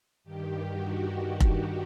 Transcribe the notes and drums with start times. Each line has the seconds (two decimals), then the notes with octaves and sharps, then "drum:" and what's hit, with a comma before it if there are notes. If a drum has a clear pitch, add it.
0.24 G2 D#3 G4
0.69 F#4
1.16 G4
1.40 drum: kick F1